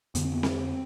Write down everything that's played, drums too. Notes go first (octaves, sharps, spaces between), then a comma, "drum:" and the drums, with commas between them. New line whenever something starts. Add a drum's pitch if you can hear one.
F2 D3 B3, drum: hi-hat
C4
B3
C4, drum: snare C4